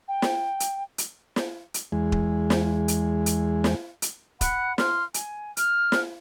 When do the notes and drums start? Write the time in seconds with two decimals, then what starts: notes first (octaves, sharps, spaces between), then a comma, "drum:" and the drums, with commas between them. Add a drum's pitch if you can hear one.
0.08 G5
0.22 drum: snare
0.60 drum: hi-hat
0.98 drum: hi-hat
1.36 drum: snare
1.74 drum: hi-hat
1.92 E2 G#3
2.12 drum: kick D#1
2.50 drum: snare
2.88 drum: hi-hat
3.26 drum: hi-hat
3.64 drum: snare
4.02 drum: hi-hat
4.41 F#5 B5 F#6, drum: kick D#1, hi-hat
4.78 C6 F6, drum: snare
5.14 G#5, drum: hi-hat
5.57 F6, drum: hi-hat
5.92 drum: snare